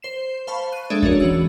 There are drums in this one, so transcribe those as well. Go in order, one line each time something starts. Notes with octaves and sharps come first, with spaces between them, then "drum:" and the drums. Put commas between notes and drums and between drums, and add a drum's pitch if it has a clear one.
C5 C7 E7
C5 F5 A5 B5 C#6
F#6 D#7
G#3 D4 G#4 A4 D5 E5
C#4 D4 F#4 A#4 C#5, drum: kick E2
E3 F#4 E6